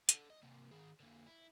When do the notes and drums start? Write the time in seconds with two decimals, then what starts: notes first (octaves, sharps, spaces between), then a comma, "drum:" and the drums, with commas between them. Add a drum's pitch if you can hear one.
0.09 A4 D5, drum: hi-hat
0.30 D#5
0.43 C3 A#3
0.71 D#3 G#4
1.00 D3 A#3
1.27 E4